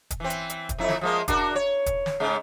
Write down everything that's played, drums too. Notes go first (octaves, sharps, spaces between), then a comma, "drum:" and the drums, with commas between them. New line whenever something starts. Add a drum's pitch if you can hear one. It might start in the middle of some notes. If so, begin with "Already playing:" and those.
drum: kick, hi-hat
E3 C4
drum: hi-hat
drum: hi-hat
drum: kick, hi-hat
F2 A3 E4
drum: snare
F3 G#3 A#3
D4 F#4 A#4, drum: kick, hi-hat
C#5
drum: kick, hi-hat
drum: snare
G#2 C#3 G#3